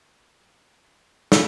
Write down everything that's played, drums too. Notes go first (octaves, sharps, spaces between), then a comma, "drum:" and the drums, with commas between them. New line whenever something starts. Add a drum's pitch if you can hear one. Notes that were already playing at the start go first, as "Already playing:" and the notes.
F4 E6, drum: snare